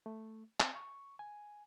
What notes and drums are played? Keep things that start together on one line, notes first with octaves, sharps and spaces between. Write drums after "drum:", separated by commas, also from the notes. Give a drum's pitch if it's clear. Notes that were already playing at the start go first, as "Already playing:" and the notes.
A3
C4, drum: clap
C#6
G#5